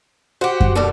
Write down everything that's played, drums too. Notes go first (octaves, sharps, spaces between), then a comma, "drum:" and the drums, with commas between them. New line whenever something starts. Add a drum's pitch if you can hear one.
F#4 G4 C5 F#5
drum: kick F#2
D#2 B2 G3 A4